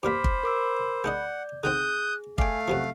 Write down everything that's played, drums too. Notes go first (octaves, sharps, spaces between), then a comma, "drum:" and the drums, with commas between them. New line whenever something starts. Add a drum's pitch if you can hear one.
G2 G3 A#3 C5 B5 D6 F6 B6
drum: kick
A#4 D6 E6
G#3 D4 D5 D#5 F#5 G6
D3 D#3 C4 G#4 D#6 F#6 G6
A3 D5 F5 G5 G#5, drum: kick
F#2 C3 F3 F#4